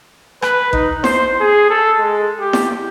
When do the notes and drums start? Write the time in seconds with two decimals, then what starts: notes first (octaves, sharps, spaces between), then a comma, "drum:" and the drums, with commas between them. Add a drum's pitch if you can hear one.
0.42 B4, drum: rim click
0.73 D#4, drum: kick A1
1.04 C5, drum: snare E4
1.40 G#4
1.70 A4
2.00 G#3
2.40 G4
2.53 drum: snare E4